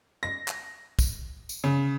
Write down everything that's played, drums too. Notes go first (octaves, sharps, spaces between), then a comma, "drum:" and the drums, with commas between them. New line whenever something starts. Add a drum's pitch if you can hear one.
A#6
drum: clap
drum: kick, tambourine
drum: tambourine
C#3